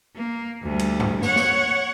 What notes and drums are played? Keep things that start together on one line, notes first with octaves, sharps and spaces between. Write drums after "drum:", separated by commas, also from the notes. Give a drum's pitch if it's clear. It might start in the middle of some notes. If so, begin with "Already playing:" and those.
A#3
D2 G3
drum: cymbal
drum: tom F#2
C#5 F#5, drum: snare
drum: snare